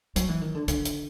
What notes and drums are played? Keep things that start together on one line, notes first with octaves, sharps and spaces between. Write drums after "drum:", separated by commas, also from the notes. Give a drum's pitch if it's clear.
F#3, drum: hi-hat
E3
D#3
D3
D3, drum: hi-hat
drum: hi-hat